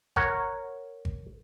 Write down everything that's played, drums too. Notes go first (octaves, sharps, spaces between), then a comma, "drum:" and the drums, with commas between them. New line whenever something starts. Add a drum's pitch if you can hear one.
A#4 C#5 F#5, drum: kick G#1
drum: kick G#1